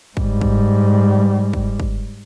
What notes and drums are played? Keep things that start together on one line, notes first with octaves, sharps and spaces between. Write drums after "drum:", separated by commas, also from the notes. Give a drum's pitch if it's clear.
G#2 G3, drum: kick
drum: kick
drum: kick
drum: kick